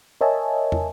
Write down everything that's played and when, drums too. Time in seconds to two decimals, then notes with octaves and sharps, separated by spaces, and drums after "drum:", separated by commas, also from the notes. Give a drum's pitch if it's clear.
0.21 A#4 C#5 D#5 E5 G#5 A5
0.72 drum: tom